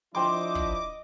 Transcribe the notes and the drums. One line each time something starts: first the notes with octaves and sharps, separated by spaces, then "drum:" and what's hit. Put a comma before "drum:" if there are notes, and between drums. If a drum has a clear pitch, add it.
F3 D4 E4 C5 D#5 G5 C6 D6
drum: kick